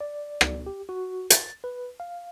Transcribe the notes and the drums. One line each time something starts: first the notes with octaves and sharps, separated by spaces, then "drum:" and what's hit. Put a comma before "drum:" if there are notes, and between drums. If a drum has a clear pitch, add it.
D5
drum: rim click
G4
F#4
A6, drum: hi-hat
B4
F5